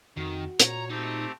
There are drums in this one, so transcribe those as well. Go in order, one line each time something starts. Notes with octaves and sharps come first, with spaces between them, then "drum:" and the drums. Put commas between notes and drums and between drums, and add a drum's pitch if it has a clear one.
F2 D#3 F#4
A#2 C#5 A#5, drum: hi-hat
A3 C4 D#4 G4